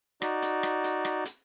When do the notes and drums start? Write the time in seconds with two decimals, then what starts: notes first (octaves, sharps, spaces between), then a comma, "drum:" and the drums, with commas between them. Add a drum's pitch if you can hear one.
0.22 D#4 F#4 D5, drum: rim click
0.42 drum: hi-hat
0.63 drum: rim click
0.84 drum: hi-hat
1.05 drum: rim click
1.25 drum: hi-hat